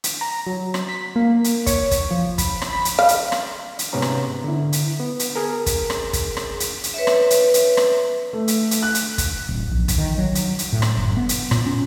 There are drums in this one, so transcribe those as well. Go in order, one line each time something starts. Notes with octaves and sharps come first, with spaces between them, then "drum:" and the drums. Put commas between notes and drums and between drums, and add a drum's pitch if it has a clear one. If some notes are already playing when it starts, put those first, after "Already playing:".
drum: hi-hat
A#5
F#3
drum: rim click
B6
A#3
drum: hi-hat
C#5, drum: kick, hi-hat
drum: kick, hi-hat
F3
B5, drum: kick, hi-hat
drum: rim click
B5
drum: hi-hat
F5
drum: hi-hat
drum: rim click
drum: hi-hat
G#2 C3 B3 C#4 A#5
drum: rim click
D3 E4
drum: hi-hat
B3
drum: hi-hat
G#4 A#4
drum: kick, hi-hat
drum: rim click
drum: kick, hi-hat
drum: rim click
drum: hi-hat
drum: hi-hat
B4 C#5 E5
drum: rim click
drum: hi-hat
drum: hi-hat
drum: rim click
A3
drum: hi-hat
drum: hi-hat
F#6
drum: hi-hat
drum: kick, hi-hat
D1
A#1
drum: kick, hi-hat
D#3
F#3
drum: hi-hat
drum: hi-hat
A2
drum: rim click
F#1
B3
drum: hi-hat
A#2, drum: rim click
C#4